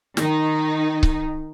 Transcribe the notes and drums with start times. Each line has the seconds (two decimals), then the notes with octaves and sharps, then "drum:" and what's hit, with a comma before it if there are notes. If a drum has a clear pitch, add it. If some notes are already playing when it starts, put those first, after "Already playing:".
0.17 D#3 D#4, drum: snare
1.03 drum: kick C#1